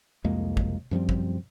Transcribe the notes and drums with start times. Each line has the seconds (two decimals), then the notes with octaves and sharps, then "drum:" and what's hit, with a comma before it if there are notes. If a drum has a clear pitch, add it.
0.24 C2 F2 G#3 A#3
0.57 drum: kick
0.91 F#2 F3 G3 C4
1.09 drum: kick